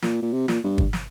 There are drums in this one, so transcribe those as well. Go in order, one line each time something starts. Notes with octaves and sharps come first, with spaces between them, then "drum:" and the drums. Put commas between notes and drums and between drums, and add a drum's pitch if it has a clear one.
A#2, drum: snare
A#2
C3
A#2, drum: snare
G2
drum: kick
drum: snare